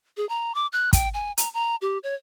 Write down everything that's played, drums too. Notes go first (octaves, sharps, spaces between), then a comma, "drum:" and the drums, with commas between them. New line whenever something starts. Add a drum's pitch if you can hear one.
G#4
A#5
D6
F#6
G5, drum: kick, hi-hat
G#5
A#5, drum: hi-hat
A#5
G4
C#5